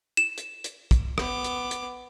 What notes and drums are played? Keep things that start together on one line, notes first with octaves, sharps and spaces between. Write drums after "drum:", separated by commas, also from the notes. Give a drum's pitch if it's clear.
E7
drum: hi-hat
drum: hi-hat
drum: kick, hi-hat
B3 D6, drum: rim click
drum: hi-hat
drum: hi-hat